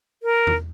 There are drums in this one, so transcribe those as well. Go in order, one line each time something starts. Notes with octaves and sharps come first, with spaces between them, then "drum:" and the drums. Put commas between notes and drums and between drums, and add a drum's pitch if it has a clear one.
A#4
drum: tom E2